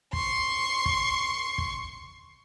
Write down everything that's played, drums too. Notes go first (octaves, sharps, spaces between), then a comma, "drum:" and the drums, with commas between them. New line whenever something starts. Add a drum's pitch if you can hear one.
C6 C#6, drum: kick
drum: kick
drum: kick